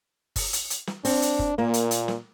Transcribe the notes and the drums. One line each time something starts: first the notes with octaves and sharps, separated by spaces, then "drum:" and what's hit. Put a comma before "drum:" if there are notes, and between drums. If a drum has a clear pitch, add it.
drum: kick, open hi-hat
drum: hi-hat
drum: hi-hat
drum: snare
C4 D4, drum: open hi-hat
drum: hi-hat
drum: kick
A#2 A#3
drum: hi-hat
drum: hi-hat
drum: snare